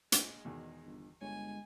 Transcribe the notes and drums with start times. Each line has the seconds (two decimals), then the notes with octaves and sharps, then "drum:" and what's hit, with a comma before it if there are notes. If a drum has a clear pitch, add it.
0.12 A#1 G#3, drum: hi-hat
0.45 E2 B2 D#3
0.86 G1
1.21 G1 G#3 C#5 G#5